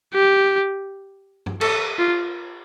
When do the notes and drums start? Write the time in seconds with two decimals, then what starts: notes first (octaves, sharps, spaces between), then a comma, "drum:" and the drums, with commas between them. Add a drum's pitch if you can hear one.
0.14 G4
1.46 drum: tom G2
1.61 A4, drum: cymbal
1.99 F4